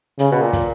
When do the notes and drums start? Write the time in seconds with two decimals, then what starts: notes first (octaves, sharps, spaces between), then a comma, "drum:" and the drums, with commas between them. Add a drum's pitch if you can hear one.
0.19 C#3, drum: hi-hat
0.31 B2
0.42 A#2
0.53 drum: kick, hi-hat